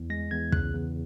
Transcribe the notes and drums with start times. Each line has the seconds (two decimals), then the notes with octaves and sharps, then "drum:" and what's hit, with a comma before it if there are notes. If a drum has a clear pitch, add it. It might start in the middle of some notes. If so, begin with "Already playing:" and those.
Already playing: E2
0.10 G#3 A#6
0.31 E2 G#6
0.52 C#3 F#6, drum: kick
0.74 E2